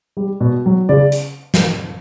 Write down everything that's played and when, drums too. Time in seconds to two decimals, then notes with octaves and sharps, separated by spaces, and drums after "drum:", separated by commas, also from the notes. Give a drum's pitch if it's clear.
0.17 G3
0.41 B2
0.66 F#3
0.89 C#3 D5
1.12 drum: hi-hat
1.54 drum: snare